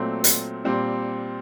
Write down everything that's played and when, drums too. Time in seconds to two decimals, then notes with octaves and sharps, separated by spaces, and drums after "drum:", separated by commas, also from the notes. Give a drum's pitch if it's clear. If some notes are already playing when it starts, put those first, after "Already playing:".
Already playing: A#2 F#3 A3 C4
0.24 drum: hi-hat
0.64 A#2 G3 C4